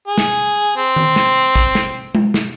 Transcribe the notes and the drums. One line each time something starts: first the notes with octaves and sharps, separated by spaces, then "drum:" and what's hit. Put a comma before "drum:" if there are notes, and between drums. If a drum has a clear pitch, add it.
G#4
drum: snare
C4
drum: tom D#3
drum: snare
drum: kick
drum: snare
drum: tom G#3
drum: snare